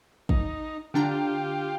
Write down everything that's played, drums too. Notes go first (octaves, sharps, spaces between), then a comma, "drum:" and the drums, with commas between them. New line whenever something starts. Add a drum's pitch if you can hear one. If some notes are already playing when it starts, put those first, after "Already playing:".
D#4, drum: kick
D3 D4 F4 G4 A#5